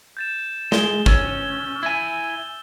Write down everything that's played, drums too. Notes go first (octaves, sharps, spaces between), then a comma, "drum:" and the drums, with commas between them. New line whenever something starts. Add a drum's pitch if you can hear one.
G6 A6 E7
G#3 G7, drum: snare
C#4 E6 A6, drum: kick G#1
E4 G#5
G7